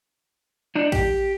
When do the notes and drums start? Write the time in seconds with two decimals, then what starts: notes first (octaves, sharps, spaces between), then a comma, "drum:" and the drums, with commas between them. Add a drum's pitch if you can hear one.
0.75 D4 D#4
0.92 G4, drum: kick A1, cymbal